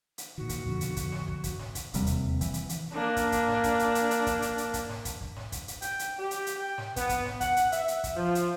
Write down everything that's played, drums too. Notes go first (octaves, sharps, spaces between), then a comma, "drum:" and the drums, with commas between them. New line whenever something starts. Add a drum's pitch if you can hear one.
drum: hi-hat
A#2 D#3 F#4
drum: kick, hi-hat
F2 B2 D3
drum: hi-hat
drum: kick, hi-hat
drum: snare
drum: kick
drum: kick, hi-hat
drum: snare
drum: kick, hi-hat
E1 D#2 C3 G3, drum: hi-hat
drum: hi-hat
E3, drum: kick, hi-hat
drum: hi-hat
drum: hi-hat
A#3 D4
drum: kick, hi-hat
drum: kick, hi-hat
drum: snare
drum: kick, hi-hat
drum: hi-hat
drum: hi-hat
drum: hi-hat
drum: kick, hi-hat
drum: hi-hat
drum: hi-hat
drum: kick, hi-hat
drum: snare
drum: kick, hi-hat
drum: kick
drum: snare
drum: kick, hi-hat
drum: hi-hat
G5, drum: hi-hat
drum: hi-hat
G4
drum: hi-hat
drum: hi-hat
G5
drum: snare
B3, drum: kick, hi-hat
drum: kick, hi-hat
drum: snare
F#5, drum: kick, hi-hat
drum: hi-hat
E5, drum: hi-hat
drum: hi-hat
drum: kick, hi-hat
F3
drum: hi-hat